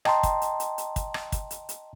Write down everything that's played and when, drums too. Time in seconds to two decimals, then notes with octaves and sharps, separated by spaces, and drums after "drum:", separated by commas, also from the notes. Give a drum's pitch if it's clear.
0.05 D#5 G5 A5 A#5 C6, drum: rim click
0.23 drum: kick, hi-hat
0.42 drum: hi-hat
0.60 drum: hi-hat
0.78 drum: hi-hat
0.96 drum: kick, hi-hat
1.14 drum: rim click
1.32 drum: kick, hi-hat
1.51 drum: hi-hat
1.69 drum: hi-hat